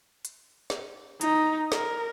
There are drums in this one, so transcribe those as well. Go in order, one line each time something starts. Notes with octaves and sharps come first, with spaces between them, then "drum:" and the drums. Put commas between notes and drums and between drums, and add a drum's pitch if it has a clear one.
drum: hi-hat
drum: snare
D#4, drum: hi-hat
A#4, drum: snare